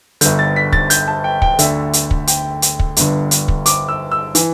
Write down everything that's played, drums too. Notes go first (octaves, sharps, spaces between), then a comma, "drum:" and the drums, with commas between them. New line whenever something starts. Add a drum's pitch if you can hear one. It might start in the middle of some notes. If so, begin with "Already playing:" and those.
G1 G2 D3 G6, drum: hi-hat
A6
B6
A6, drum: kick
G6, drum: hi-hat
A5
G5
G5, drum: kick
D2 D3 E5, drum: hi-hat
drum: hi-hat
drum: kick
G5, drum: hi-hat
drum: hi-hat
drum: kick
G1 G2 D3, drum: hi-hat
drum: hi-hat
drum: kick
D6, drum: hi-hat
E6
E6
E3, drum: hi-hat